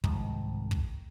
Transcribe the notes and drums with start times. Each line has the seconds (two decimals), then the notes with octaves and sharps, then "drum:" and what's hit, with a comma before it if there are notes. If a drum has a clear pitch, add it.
0.04 C2 G#2 D#3 F3, drum: kick
0.71 drum: kick